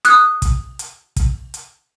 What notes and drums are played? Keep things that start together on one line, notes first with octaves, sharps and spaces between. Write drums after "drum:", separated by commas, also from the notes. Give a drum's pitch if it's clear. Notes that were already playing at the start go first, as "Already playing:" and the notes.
D#6 F#6, drum: hi-hat
drum: kick, hi-hat
drum: hi-hat
drum: kick, hi-hat
drum: hi-hat